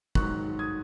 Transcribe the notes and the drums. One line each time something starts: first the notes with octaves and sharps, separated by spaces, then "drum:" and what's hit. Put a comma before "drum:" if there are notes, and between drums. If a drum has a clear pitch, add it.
G#2 D#3 F#3 C#6 F#6, drum: kick
D#6 G#6